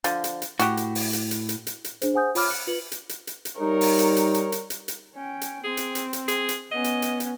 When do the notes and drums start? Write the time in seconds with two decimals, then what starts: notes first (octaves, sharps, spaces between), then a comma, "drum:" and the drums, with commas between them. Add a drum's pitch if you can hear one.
0.04 D3 F3, drum: hi-hat
0.24 drum: hi-hat
0.42 drum: hi-hat
0.59 A2 F#4 G4, drum: hi-hat
0.77 drum: hi-hat
0.95 drum: open hi-hat
1.13 drum: hi-hat
1.31 drum: hi-hat
1.49 drum: hi-hat
1.67 drum: hi-hat
1.84 drum: hi-hat
2.02 D4 G#4 C5, drum: hi-hat
2.13 G#4 C5 F#5 G#5 D#6 G6
2.35 F4 C#5 B5 D6 F6, drum: open hi-hat
2.48 F#6 C#7
2.67 F4 B4 C#7 F#7
2.92 drum: hi-hat
3.09 drum: hi-hat
3.27 drum: hi-hat
3.45 drum: hi-hat
3.60 G3 D#4 A#4 C#5
3.81 drum: open hi-hat
3.99 drum: hi-hat
4.17 drum: hi-hat
4.34 drum: hi-hat
4.52 drum: hi-hat
4.70 drum: hi-hat
4.88 drum: hi-hat
5.15 C#4 G5
5.41 drum: hi-hat
5.64 C4 G#4
5.77 drum: hi-hat
5.95 drum: hi-hat
6.13 drum: hi-hat
6.28 G#4, drum: hi-hat
6.49 drum: hi-hat
6.72 B3 C#4 D#5
6.84 drum: hi-hat
7.02 drum: hi-hat
7.20 drum: hi-hat